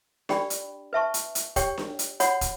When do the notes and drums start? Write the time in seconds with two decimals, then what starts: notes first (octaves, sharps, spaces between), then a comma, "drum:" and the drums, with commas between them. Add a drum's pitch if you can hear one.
0.29 D4 G4 D5 G5 B5, drum: snare D4
0.50 drum: hi-hat
0.93 B4 E5 A5 C#6
1.14 drum: hi-hat
1.35 drum: hi-hat
1.56 G4 C#5 G5, drum: kick, hi-hat
1.78 drum: snare D4
1.99 drum: hi-hat
2.20 F#4 C#5 F#5 B5, drum: hi-hat
2.41 drum: kick, hi-hat